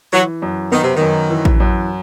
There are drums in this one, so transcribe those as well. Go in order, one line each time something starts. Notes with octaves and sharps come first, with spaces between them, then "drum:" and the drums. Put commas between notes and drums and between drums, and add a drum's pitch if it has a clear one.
E3 F#3
F#2
D#3 B3
C3
F#2 D#3
E3
drum: kick A1
F#2